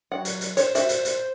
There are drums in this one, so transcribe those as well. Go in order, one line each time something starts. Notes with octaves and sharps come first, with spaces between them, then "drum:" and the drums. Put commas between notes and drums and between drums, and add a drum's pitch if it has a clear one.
F#3 F#5
drum: hi-hat
drum: hi-hat
C5 C#5, drum: hi-hat
F#4 E5, drum: hi-hat
drum: hi-hat
drum: hi-hat